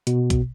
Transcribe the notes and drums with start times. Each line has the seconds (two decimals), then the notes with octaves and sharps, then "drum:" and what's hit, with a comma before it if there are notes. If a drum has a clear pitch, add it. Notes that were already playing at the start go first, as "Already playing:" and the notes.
0.07 B2, drum: hi-hat
0.30 drum: kick, hi-hat